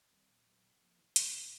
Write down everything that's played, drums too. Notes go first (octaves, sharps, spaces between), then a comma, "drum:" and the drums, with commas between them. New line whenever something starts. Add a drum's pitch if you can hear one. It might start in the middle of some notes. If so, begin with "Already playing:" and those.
Already playing: D#2
D#3 G3 C4
A#2
F#3 B3
C3
F3 A#3
E3
G3 A#3 D#4 G4, drum: hi-hat
A#2